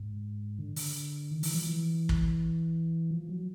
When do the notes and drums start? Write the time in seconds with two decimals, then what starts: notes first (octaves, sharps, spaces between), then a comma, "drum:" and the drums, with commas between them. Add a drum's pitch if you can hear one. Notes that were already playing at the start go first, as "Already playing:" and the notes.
Already playing: G#2
0.58 D3
0.76 D3, drum: open hi-hat
1.31 D#3
1.43 E3, drum: open hi-hat
1.54 F3
1.66 E3
2.09 drum: kick
3.11 F3
3.29 F#3